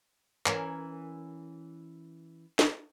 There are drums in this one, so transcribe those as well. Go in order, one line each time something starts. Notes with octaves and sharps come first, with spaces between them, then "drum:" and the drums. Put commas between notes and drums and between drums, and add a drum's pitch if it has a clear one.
E3 C#4 A#4, drum: clap
drum: snare